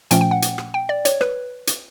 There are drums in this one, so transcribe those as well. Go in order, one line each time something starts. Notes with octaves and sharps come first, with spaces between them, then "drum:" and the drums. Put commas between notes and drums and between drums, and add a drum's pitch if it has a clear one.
A#2 F3 A3 C#4 G5, drum: hi-hat
G5
F#5
drum: hi-hat
drum: rim click
G5
D5
C#5, drum: hi-hat
B4, drum: rim click
drum: hi-hat